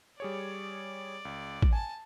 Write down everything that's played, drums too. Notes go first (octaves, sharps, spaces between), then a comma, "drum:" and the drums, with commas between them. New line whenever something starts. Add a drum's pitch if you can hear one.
G3 G#4 C#5 D5
C#2
drum: kick
G#5 A5